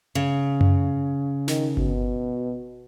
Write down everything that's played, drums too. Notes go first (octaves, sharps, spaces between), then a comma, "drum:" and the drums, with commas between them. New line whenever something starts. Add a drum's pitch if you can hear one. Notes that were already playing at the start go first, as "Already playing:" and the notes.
C#3
drum: tom F#2
D#3, drum: snare
B2, drum: kick G1